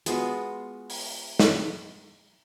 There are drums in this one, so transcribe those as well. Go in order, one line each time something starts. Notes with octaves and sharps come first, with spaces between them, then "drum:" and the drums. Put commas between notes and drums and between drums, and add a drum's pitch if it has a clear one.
G#3 B3 F4 F#4, drum: hi-hat
drum: open hi-hat
drum: snare